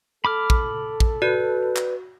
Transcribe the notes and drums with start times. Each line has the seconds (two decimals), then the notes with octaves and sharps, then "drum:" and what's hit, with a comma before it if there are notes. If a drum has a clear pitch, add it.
0.25 A4 B5 D6 F6
0.50 drum: kick
1.00 drum: kick
1.22 F#4 B4 D5 F#6
1.76 drum: clap